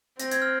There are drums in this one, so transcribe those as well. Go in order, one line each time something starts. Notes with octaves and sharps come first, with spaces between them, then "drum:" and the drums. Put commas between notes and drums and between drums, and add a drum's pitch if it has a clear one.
C4 A#6, drum: hi-hat
G#6, drum: hi-hat
F6